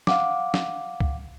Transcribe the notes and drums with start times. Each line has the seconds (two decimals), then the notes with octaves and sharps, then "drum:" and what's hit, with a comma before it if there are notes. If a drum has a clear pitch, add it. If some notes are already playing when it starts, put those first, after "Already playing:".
0.07 F5 F#5 D6, drum: snare
0.54 drum: snare
1.00 drum: kick C#2